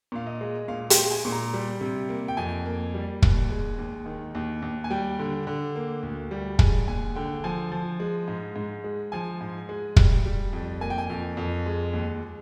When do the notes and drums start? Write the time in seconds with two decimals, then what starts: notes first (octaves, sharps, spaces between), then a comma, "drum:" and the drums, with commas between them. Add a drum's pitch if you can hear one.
0.12 A#2 F5
0.27 D#5
0.41 G#3
0.68 A#2 F5
0.90 G5, drum: hi-hat
0.97 G#3
1.11 G#5
1.25 A#2
1.32 A#5
1.54 G3
1.81 C3
2.09 A#3
2.28 G5
2.37 F2 G#5
2.66 A#3
2.94 G3
3.22 D#2, drum: kick
3.50 G#3
3.78 D#2
4.06 D#3
4.35 D#2
4.62 D#2
4.84 G#5
4.90 G3 G5
5.19 D3
5.47 D3
5.76 A#3
6.03 D2
6.31 G3
6.59 G#3 G#5, drum: kick
6.87 D#2 G#5
7.16 D3 G5
7.44 F3 G#5
7.72 F3
8.00 G#3
8.28 G#2
8.56 G#2
8.84 G#3
9.12 F3 G#5
9.41 G#2
9.69 G#3
9.96 G3, drum: kick
10.25 G3
10.53 F2
10.81 A#3 G#5
10.90 G5
10.98 G#5
11.10 F2
11.37 F2
11.66 G#3
11.93 D#2